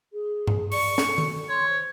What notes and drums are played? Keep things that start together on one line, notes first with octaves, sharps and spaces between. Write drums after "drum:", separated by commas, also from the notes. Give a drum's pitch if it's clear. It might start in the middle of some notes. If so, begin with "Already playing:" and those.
G#4
drum: tom G2
D5 C#6, drum: open hi-hat
A4, drum: snare
drum: tom D#3
C#5 C6
C5